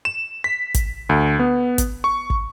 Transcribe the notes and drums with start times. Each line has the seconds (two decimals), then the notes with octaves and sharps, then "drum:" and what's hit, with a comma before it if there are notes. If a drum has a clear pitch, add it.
0.05 E7
0.44 B6
0.74 drum: kick, hi-hat
1.09 D2
1.39 B3
1.78 drum: kick, hi-hat
2.04 C#6
2.30 drum: kick